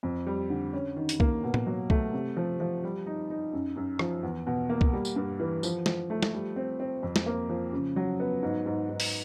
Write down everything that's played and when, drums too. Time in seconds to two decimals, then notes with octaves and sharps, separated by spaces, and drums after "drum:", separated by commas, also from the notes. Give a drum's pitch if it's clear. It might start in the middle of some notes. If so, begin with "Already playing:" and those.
0.03 F2
0.27 G3
0.50 D3
0.73 C#4
0.96 D#3
1.09 drum: hi-hat
1.20 A#3, drum: kick B1
1.44 B2
1.54 drum: tom
1.67 F#3
1.90 A3, drum: kick B1
2.13 C3
2.37 F3
2.60 F3
2.84 G3
3.06 D#4
3.30 D#4
3.53 F#2
3.76 F#2
3.99 F3, drum: rim click
4.23 E2
4.47 B2
4.69 A#3
4.81 drum: kick B1
4.93 G3
5.05 drum: tambourine
5.16 G2
5.40 E3
5.63 F3, drum: tambourine
5.86 F3, drum: snare
6.10 A3
6.23 drum: snare
6.33 G3
6.56 C4
6.80 C4
7.03 F2
7.16 drum: snare
7.26 A#3
7.49 F3
7.73 C#3
7.96 F#3
8.20 B3
8.43 G#2
8.66 G#2
8.89 G#2
9.00 drum: open hi-hat